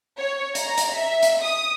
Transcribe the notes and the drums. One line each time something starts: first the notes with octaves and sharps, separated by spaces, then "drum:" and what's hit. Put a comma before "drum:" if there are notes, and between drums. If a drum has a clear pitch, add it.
C#5
A#5, drum: hi-hat
drum: hi-hat
E5
drum: hi-hat
D#6